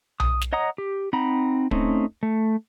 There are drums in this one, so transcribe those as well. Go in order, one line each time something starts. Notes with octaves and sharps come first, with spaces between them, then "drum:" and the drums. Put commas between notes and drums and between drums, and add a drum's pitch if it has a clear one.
D#6, drum: tom B1
drum: snare
C#5 D#5 F#5 A#5 D#6
G4
C4 D#4 F#5 A#5 B5
A3 C4 C#4 D#4, drum: kick
A3